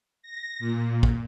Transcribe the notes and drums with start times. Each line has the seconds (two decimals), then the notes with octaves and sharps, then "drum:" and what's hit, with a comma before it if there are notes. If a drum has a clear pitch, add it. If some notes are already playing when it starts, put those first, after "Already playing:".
0.22 A#6
0.59 A#2
1.03 drum: kick